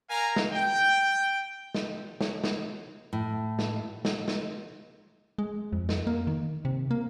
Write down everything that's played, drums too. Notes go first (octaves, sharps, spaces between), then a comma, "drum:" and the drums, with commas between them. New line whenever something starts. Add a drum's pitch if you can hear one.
A#4 F5 G#5 A#5
drum: snare
G5
drum: snare
drum: snare
drum: snare
A2
drum: snare
drum: snare
drum: snare
G#3
F2
drum: snare
A#3
D#3
C3
A#3